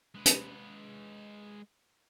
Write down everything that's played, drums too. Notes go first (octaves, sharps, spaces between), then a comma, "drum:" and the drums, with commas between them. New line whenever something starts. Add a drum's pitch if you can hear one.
G#3 B4
drum: hi-hat